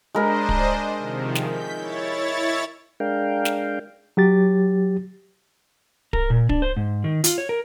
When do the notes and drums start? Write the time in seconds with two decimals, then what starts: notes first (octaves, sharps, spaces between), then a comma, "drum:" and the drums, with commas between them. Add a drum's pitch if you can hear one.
0.15 G#3 D4 A#4 C5 D#5 B5
0.49 drum: kick D1
0.97 C3 D#3 F3
1.35 drum: snare
1.46 G6 B6
1.75 E4 C#5 A6
3.00 G#3 D4 A#4 F5 G5
3.45 drum: snare
4.17 F#3 G4 A6
6.13 A#4, drum: kick D1
6.30 A#2
6.49 D4, drum: kick D1
6.62 C5
6.76 G#2
7.04 D#3
7.24 F4, drum: hi-hat
7.38 C#5
7.49 A#4